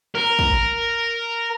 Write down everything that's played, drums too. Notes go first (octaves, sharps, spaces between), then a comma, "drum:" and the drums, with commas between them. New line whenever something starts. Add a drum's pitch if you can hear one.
A#4
drum: kick